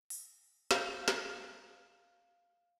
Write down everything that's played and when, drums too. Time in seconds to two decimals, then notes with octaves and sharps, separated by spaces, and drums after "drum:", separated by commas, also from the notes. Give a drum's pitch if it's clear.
0.10 drum: open hi-hat
0.71 F5 G6, drum: snare
1.08 drum: snare